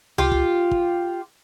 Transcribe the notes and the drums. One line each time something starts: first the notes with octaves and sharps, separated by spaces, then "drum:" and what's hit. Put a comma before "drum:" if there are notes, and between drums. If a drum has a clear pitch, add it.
F4 G4, drum: tom C#2
drum: kick
drum: kick